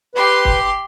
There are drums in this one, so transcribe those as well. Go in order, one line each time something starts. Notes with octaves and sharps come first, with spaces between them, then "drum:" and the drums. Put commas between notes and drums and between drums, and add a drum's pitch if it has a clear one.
G4 B4 C6
drum: kick C#1